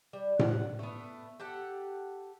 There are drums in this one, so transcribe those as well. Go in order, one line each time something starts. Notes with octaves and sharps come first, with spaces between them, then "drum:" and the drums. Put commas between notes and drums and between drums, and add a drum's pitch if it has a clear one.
G3
F#5, drum: tom A2
A3 B3
G4 A4 F#5